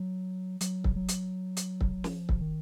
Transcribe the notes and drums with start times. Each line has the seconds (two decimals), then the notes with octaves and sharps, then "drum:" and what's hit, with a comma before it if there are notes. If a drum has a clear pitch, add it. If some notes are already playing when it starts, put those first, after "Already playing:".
Already playing: F#3
0.61 F#3, drum: hi-hat
0.84 drum: kick
0.96 F#3
1.08 drum: hi-hat
1.57 drum: hi-hat
1.81 drum: kick
2.04 F3, drum: snare
2.29 drum: kick
2.41 D#3